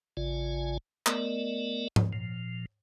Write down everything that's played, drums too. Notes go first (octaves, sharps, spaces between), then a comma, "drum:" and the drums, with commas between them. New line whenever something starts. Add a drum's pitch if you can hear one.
A1 C#3 F4 D5 G#5
A3 B3 A#4 D5 D#5, drum: clap
drum: tom G#2
A#2 F3